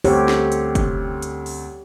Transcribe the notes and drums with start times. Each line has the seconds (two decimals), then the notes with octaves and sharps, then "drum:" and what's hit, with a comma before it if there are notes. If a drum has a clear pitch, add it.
0.04 D2 C4 G4 A4 C#5, drum: open hi-hat
0.28 drum: snare
0.52 drum: hi-hat
0.75 drum: kick, hi-hat
1.22 drum: hi-hat
1.46 drum: open hi-hat